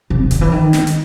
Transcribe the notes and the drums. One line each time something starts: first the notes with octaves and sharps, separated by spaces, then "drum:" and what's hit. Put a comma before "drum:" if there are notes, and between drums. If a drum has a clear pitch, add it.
C3
D#3, drum: hi-hat
E3
D#3
drum: snare
drum: hi-hat